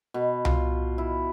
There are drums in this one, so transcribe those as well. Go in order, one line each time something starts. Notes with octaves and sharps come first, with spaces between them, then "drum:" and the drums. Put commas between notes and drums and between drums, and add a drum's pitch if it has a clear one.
B2
F4, drum: tom C2
E4